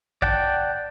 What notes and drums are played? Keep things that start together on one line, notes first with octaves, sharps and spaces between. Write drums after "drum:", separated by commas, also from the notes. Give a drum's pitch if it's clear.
D5 F#5 G5 A5, drum: kick A#1